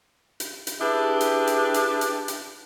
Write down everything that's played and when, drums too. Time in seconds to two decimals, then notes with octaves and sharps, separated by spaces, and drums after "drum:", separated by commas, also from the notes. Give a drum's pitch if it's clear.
0.40 drum: hi-hat
0.67 drum: hi-hat
0.80 D4 E4 G4 G#4 B4
1.21 drum: hi-hat
1.47 drum: hi-hat
1.74 drum: hi-hat
2.01 drum: hi-hat
2.28 drum: hi-hat